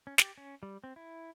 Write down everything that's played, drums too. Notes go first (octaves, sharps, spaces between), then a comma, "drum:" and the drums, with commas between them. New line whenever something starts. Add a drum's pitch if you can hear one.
C#4
G4, drum: snare
C#4
G3
C4
E4